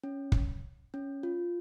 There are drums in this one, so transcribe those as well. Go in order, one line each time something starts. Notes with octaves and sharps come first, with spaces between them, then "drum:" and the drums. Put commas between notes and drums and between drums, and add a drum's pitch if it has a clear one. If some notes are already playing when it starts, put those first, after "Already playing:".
C#4
drum: kick
C#4
F4